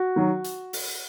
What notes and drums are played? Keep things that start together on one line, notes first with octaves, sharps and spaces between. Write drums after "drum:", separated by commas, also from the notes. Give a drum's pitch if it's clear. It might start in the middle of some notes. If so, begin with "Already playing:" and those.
Already playing: F#4
D#3 F#3
drum: hi-hat
drum: open hi-hat